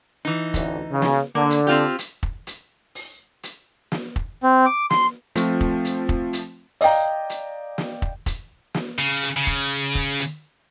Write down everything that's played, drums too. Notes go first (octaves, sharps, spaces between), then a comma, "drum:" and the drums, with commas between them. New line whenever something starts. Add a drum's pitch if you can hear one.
E3 D#4
A1 D2, drum: kick, hi-hat
C#3
drum: snare
D3 A#3
drum: hi-hat
C4 F4 G4
drum: hi-hat
drum: kick
drum: hi-hat
drum: open hi-hat
drum: hi-hat
drum: snare
drum: kick
C4
D6
C6, drum: snare
F3 A3 C4 F4, drum: hi-hat
drum: kick
drum: hi-hat
drum: kick
drum: hi-hat
D5 D#5 F5 G5 A#5, drum: open hi-hat
drum: hi-hat
drum: snare
drum: kick
drum: kick, hi-hat
drum: snare
C#3
drum: hi-hat
C#3
drum: kick
drum: kick
drum: hi-hat